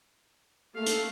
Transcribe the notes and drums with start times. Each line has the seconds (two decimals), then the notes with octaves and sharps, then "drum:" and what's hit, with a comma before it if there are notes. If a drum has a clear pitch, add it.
0.75 A3 A#3 F5
0.86 drum: hi-hat